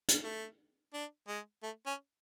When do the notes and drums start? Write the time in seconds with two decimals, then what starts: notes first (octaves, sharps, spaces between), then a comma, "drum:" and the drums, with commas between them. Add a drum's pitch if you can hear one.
0.08 drum: hi-hat
0.24 A3
0.94 D4
1.28 G#3
1.63 A3
1.86 C#4